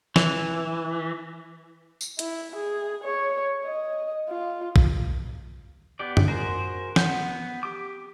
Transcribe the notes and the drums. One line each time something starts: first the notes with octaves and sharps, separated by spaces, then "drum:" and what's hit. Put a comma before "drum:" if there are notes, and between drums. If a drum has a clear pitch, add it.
E3, drum: snare
drum: tambourine
E4, drum: hi-hat
G#4
C#5
D#5
F4
drum: kick A#1
B3 G4 D5
drum: tom F#2
F#4 G#4 A#4 C5
B3 F#5 G6, drum: snare
G4 D6